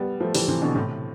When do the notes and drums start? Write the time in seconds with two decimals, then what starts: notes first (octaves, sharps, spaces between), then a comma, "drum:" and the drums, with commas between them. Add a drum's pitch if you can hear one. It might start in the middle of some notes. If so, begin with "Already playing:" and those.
Already playing: G3 B3
0.20 F3 A3
0.35 E3 G3, drum: open hi-hat
0.48 C3 E3
0.62 B2 D3
0.75 A2 C3